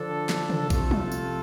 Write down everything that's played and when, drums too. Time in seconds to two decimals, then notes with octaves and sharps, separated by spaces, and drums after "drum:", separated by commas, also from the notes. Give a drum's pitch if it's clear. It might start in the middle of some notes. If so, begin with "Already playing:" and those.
Already playing: D3 F3 D4 A4
0.29 drum: snare
0.50 drum: tom
0.70 C3 F3 A3 F4 A4, drum: kick A#1, tambourine
0.91 drum: tom
1.12 drum: tambourine